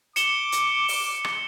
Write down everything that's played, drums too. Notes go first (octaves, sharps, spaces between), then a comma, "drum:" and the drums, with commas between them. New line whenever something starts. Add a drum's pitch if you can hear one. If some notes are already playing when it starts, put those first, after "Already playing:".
D6 C#7 E7 G7, drum: hi-hat
drum: hi-hat
drum: open hi-hat
drum: rim click